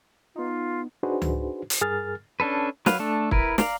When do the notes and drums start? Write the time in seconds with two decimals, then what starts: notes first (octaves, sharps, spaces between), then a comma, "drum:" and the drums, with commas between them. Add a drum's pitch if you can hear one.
0.36 B3 D#4 F4
1.03 D4 D#4 F#4 G#4 B4 C5
1.22 drum: tom C#2
1.70 drum: hi-hat
1.81 G2 G#4 A#4 F6 A6
2.40 C#4 D4 A4 B4
2.86 F#3 B4 F5, drum: snare
2.99 A3 D4 A4
3.31 E4 A#4 B4, drum: kick
3.58 D5 F5 A#5, drum: snare